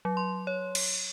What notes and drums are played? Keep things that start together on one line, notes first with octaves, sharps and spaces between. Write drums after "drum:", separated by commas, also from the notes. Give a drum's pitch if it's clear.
F#3
C6
C#5
drum: cymbal